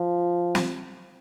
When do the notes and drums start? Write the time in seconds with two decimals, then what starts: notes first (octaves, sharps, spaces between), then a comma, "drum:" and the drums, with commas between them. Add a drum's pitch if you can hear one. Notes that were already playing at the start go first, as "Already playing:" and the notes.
Already playing: F3
0.55 drum: snare